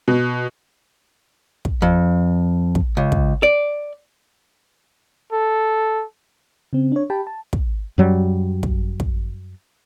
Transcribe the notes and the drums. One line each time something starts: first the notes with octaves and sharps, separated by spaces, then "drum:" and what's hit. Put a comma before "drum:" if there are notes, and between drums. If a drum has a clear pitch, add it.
B2
drum: kick
F2
drum: kick
C#2
drum: kick
D5
A4
C#3 C4
D4 C#5
G4 G5 A5 B5
A5
drum: kick
F#2 F#3 G3
drum: kick
drum: kick